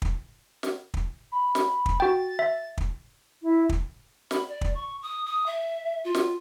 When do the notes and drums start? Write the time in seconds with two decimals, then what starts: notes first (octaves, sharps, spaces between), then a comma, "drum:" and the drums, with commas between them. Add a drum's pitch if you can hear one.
0.02 drum: kick
0.63 drum: snare
0.94 drum: kick
1.32 B5
1.55 drum: snare
1.86 drum: kick
2.00 F#4 G5 A6
2.39 E5
2.78 drum: kick
3.42 E4
3.69 drum: kick
4.31 B5, drum: snare
4.48 D5
4.61 drum: kick
4.75 C#6
5.03 D#6
5.26 D#6
5.46 E5
6.05 F4
6.15 drum: snare